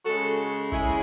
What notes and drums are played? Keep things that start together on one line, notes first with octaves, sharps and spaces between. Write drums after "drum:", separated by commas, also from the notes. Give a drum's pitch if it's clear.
C#3 G#3 F#4 A4
E4 G#4, drum: kick